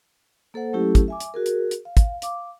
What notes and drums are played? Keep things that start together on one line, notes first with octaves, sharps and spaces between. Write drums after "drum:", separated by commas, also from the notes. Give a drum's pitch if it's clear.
A#3 A4 C5 F#5
F#3 A3 C#4 E4 G4 A4
drum: kick, hi-hat
E5 G#5 D6
drum: hi-hat
F#4 G#4 A#4
drum: hi-hat
drum: hi-hat
F5
drum: kick, hi-hat
F5 D6, drum: hi-hat